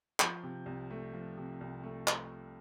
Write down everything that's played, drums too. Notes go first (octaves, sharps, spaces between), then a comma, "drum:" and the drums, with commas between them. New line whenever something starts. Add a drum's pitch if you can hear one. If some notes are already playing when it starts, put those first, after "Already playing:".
F3 G6, drum: clap
C3
C2
A3
F3
C3
C2
A3
drum: clap